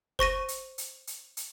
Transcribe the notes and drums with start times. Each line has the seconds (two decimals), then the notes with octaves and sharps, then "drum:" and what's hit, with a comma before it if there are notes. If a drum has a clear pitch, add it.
0.19 C5 C#6 A#6 D#7, drum: kick F#1
0.48 drum: hi-hat
0.78 drum: hi-hat
1.07 drum: hi-hat
1.37 drum: hi-hat